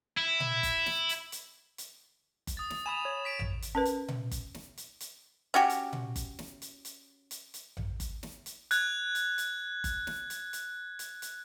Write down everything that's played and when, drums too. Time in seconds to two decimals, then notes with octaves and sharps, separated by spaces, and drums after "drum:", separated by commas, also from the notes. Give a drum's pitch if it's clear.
0.17 E4
0.40 drum: tom A#2
0.63 drum: kick F#1, hi-hat
0.86 drum: snare
1.09 drum: hi-hat
1.32 drum: hi-hat
1.78 drum: hi-hat
2.47 drum: kick F#1, hi-hat
2.57 D#6 A6
2.70 drum: snare
2.86 G#5 B5 D#6 E7 F7
3.05 C#5
3.24 C#6 B6 D7
3.39 drum: tom A1
3.62 drum: hi-hat
3.75 C#4 A#4 B4
3.85 drum: hi-hat
4.08 drum: tom A#2
4.31 drum: kick F#1, hi-hat
4.54 drum: snare
4.77 drum: hi-hat
5.01 drum: hi-hat
5.54 C#4 F#4 G4
5.70 drum: hi-hat
5.93 drum: tom A#2
6.16 drum: kick F#1, hi-hat
6.39 drum: snare
6.62 drum: hi-hat
6.85 drum: hi-hat
7.31 drum: hi-hat
7.54 drum: hi-hat
7.77 drum: tom A1
8.00 drum: kick F#1, hi-hat
8.23 drum: snare
8.46 drum: hi-hat
8.71 F#6 G#6, drum: hi-hat
9.15 drum: hi-hat
9.38 drum: hi-hat
9.84 drum: kick F#1, hi-hat
10.07 drum: snare
10.30 drum: hi-hat
10.53 drum: hi-hat
10.99 drum: hi-hat
11.22 drum: hi-hat